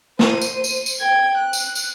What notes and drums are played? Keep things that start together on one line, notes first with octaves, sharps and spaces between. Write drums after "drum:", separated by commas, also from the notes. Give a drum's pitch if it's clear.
C5 D#7, drum: snare
drum: tambourine
drum: tambourine
drum: tambourine
G5 G#6
F#6
drum: tambourine
drum: tambourine